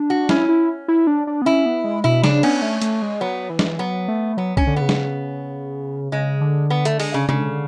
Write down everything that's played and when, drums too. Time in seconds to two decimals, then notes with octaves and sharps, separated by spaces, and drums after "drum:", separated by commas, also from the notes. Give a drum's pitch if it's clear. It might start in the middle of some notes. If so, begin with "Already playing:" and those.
Already playing: D4
0.10 F#4
0.29 C#4 E4, drum: snare
0.49 E4
0.88 E4
1.07 D4
1.27 D4
1.42 B3
1.45 C#4 E4
1.66 B3
1.84 G#3
2.04 B2 E4
2.24 C#3 D4, drum: snare
2.43 B3 C#4, drum: cymbal
2.62 A3
2.82 A3, drum: hi-hat
3.02 G#3
3.21 F#3 B3
3.50 E3
3.59 drum: snare
3.79 F#3 B3
4.08 A3
4.37 F#3 B3
4.57 C#4, drum: kick C2
4.67 D3
4.76 C#3 B3
4.89 drum: snare
6.12 C#3 G#3
6.41 D3
6.70 B3
6.85 A3, drum: hi-hat
7.00 G#3, drum: open hi-hat
7.14 C#3
7.29 C#3, drum: tom C3